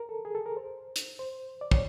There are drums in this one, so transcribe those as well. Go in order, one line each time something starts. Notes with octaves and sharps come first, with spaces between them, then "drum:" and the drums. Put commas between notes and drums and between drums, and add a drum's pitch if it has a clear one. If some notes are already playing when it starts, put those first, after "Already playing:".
Already playing: A#4
A4
G#4
A4
A#4
C5
drum: hi-hat
C5
D5
C#5, drum: kick